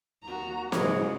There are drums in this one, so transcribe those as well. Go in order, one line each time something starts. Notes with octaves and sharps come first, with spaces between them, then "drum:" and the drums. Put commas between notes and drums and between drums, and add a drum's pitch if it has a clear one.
D#2 F#4 A#5
G#2 C#3 F#3 G#3 E4, drum: snare